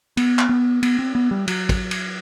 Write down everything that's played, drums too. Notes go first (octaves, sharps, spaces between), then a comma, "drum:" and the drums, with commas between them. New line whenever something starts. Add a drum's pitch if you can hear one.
B3, drum: cymbal
drum: clap
B3
B3, drum: cymbal
C4
B3
G3
F#3, drum: cymbal
drum: kick, cymbal
drum: cymbal